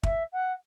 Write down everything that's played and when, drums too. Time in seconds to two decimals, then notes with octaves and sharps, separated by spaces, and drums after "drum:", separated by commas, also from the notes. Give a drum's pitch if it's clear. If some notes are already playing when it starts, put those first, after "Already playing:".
0.03 E5, drum: kick
0.32 F#5